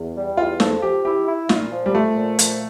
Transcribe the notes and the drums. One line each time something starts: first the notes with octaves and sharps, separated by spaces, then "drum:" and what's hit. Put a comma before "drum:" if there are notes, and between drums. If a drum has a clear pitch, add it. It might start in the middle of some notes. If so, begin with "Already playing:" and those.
Already playing: E2
G3
E2 F4
F3 A4, drum: snare
F3 G4
E4 G4
E4
A#2 F4, drum: snare
F3
G3
F3 A3
A#2
F3, drum: hi-hat